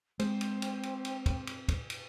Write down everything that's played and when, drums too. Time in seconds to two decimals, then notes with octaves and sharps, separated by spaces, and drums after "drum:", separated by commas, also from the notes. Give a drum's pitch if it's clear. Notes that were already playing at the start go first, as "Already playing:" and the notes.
0.19 G#3 C4 C5, drum: cymbal
0.41 drum: cymbal
0.62 drum: cymbal
0.83 drum: cymbal
1.05 drum: cymbal
1.26 drum: kick, cymbal
1.47 drum: cymbal
1.68 drum: kick, cymbal
1.90 drum: cymbal